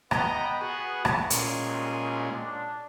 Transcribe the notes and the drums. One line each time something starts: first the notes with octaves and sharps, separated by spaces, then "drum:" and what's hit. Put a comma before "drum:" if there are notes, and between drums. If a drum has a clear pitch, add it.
B3 D#5 G5 A#5, drum: rim click
F#4 G#4
drum: rim click
A#2 G#3 C#4, drum: hi-hat
C2
C2
D4